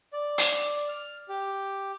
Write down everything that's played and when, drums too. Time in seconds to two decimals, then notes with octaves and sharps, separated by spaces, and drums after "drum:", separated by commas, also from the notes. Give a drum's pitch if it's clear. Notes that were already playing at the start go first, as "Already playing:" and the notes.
0.13 D5
0.38 drum: hi-hat
0.77 D5
0.89 F6
1.29 G4